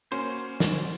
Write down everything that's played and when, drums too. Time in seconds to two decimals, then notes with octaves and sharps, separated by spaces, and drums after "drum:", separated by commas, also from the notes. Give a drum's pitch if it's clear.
0.12 A#3 C#4 F#4 C5
0.60 drum: snare